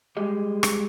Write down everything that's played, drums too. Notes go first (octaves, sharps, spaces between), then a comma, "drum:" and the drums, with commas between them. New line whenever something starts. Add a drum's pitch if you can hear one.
G3 G#3 G4 G#4 D#5
drum: rim click